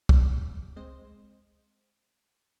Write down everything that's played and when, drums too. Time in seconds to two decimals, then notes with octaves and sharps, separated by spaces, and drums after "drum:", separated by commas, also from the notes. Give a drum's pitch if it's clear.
0.09 drum: kick
0.76 G#3 C4 C5 D#5